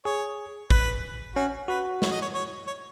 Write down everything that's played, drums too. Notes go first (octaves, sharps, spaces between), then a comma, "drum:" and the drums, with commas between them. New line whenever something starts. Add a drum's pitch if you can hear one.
G#4 C#5
B4, drum: kick
C#4 F#4
F#4 B4
C#5, drum: snare
D#5
C#5
C#5
C#5